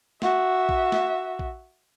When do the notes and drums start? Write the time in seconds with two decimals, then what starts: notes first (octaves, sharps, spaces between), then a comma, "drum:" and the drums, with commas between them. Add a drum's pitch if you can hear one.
0.22 F#4 E5, drum: snare
0.69 drum: kick A#1
0.92 drum: snare
1.39 drum: kick A#1